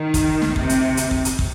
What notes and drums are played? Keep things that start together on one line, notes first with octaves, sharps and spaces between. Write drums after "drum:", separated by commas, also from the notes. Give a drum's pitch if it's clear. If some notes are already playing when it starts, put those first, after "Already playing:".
Already playing: D#3
drum: kick, hi-hat
drum: snare
C3, drum: kick
drum: hi-hat
drum: hi-hat
drum: kick
drum: hi-hat
drum: kick